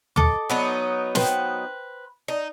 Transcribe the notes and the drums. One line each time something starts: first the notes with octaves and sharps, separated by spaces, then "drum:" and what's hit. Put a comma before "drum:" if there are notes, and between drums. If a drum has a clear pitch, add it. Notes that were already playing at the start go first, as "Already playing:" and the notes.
A4 D#5 D6, drum: tom
F#3 B3 D#4
B4 C5 G5, drum: snare
D#4